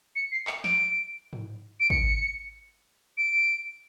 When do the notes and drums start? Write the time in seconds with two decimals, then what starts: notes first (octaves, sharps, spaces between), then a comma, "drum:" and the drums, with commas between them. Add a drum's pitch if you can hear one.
0.16 C#7
0.32 C7
0.47 C#7, drum: clap
0.64 D7, drum: snare
1.33 drum: tom G#2
1.80 D7
1.90 C#7, drum: kick
3.17 D7